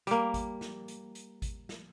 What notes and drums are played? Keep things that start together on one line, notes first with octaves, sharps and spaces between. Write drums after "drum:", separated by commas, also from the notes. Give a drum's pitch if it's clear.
G3 A#3, drum: hi-hat
drum: kick G#1, hi-hat
drum: snare
drum: hi-hat
drum: hi-hat
drum: kick G#1, hi-hat
drum: snare